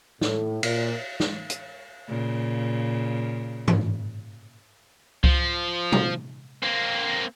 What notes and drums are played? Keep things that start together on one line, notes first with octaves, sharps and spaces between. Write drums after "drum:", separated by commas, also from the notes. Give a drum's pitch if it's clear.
A2, drum: snare
A#2, drum: cymbal
drum: snare
drum: hi-hat
A#2 C#3
drum: tom G2
F3, drum: kick C2
drum: tom
A#3 C4